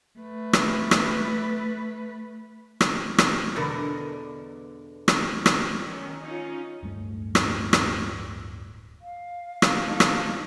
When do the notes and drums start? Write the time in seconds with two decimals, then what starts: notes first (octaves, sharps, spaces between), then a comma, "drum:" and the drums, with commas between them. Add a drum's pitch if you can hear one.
0.19 A3 B4
0.53 drum: rim click
0.91 drum: rim click
2.81 drum: rim click
3.18 drum: rim click
3.56 E2 B2 D3 A#4
5.08 drum: rim click
5.46 drum: rim click
5.86 D#3 C#4
6.21 C#4 D#4 F4
6.83 D1 G2 A3
7.35 drum: rim click
7.73 drum: rim click
9.02 F5
9.62 drum: rim click
9.83 D#4 A4
10.00 drum: rim click